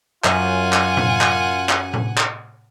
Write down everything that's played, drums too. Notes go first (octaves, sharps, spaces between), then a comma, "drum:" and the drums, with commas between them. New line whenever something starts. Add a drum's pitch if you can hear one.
F#2 F4 F#5 G#5, drum: clap
drum: clap
drum: tom A2
drum: clap
drum: clap
drum: tom A2
drum: clap